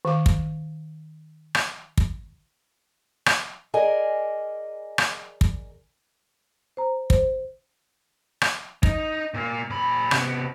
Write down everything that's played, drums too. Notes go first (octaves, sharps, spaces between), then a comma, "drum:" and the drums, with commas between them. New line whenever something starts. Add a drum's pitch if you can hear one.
D#3 F5 D6
drum: kick
drum: rim click
drum: kick
drum: rim click
G#4 A#4 D5 D#5 G#5
drum: rim click
drum: kick
C5 A#5
C5, drum: kick
drum: rim click
D#4, drum: kick
A#2 A#3
A#2 B5
C3 B3, drum: rim click